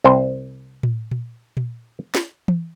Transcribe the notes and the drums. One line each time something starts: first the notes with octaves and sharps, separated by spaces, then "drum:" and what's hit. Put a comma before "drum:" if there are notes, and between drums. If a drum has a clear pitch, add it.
C2 C4 C5
drum: tom A2
drum: tom A#2
drum: tom A#2
drum: snare
drum: tom E3